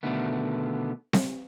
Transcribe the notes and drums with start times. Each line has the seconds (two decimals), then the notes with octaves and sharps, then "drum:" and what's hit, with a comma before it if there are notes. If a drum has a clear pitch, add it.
0.03 B2 D3 D#3 A3 B3
1.13 drum: snare C4